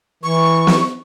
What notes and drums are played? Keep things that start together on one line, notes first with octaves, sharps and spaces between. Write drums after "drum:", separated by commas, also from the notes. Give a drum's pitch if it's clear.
E3 C#6
drum: snare